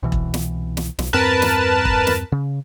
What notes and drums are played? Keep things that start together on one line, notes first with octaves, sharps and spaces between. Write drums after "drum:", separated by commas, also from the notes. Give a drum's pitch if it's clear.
C2 B2 E3
drum: kick E1
drum: snare
drum: snare
B1, drum: snare
E2 G2 C4 A#4 B4 A5
drum: snare
drum: kick E1
drum: snare
C#3